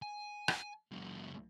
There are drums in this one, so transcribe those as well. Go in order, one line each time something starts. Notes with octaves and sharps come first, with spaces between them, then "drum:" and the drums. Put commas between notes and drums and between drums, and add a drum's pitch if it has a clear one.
G#5
drum: rim click
C#2 F#2